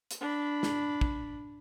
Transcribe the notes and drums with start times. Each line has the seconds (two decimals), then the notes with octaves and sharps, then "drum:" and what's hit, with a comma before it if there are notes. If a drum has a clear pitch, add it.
0.11 drum: hi-hat
0.20 D4 B5
0.63 drum: snare
1.01 drum: kick